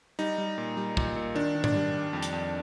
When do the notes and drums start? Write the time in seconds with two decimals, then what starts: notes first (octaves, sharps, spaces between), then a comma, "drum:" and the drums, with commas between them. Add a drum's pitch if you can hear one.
0.19 G3 D#4
0.38 G3
0.58 A#2
0.77 G3
0.97 A#2, drum: kick
1.16 A#2
1.35 D#3 D4
1.55 D#3
1.64 D4, drum: tom G#2
1.75 G3
1.94 G3
2.13 F2
2.23 drum: hi-hat
2.33 F2